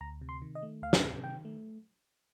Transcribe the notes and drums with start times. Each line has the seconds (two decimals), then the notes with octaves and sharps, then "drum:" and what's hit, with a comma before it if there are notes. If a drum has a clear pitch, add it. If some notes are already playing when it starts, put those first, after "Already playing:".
0.01 D2 A#5
0.21 C3
0.29 C6
0.42 D#3
0.55 D#5
0.62 A3
0.82 D2 F5
0.93 drum: snare
1.03 C3
1.23 D#3 G5
1.45 A3